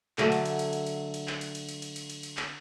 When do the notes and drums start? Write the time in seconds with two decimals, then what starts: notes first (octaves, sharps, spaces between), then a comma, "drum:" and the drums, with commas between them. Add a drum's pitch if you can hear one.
0.18 D3 F#3 A3, drum: clap
0.32 drum: cymbal
0.45 drum: cymbal
0.59 drum: cymbal
0.73 drum: cymbal
0.87 drum: cymbal
1.14 drum: cymbal
1.28 drum: clap
1.41 drum: cymbal
1.55 drum: cymbal
1.69 drum: cymbal
1.82 drum: cymbal
1.96 drum: cymbal
2.10 drum: cymbal
2.23 drum: cymbal
2.37 drum: clap